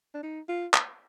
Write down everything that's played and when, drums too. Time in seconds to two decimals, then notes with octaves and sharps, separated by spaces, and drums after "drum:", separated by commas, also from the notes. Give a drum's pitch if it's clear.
0.15 D4
0.23 D#4
0.49 F4
0.74 drum: clap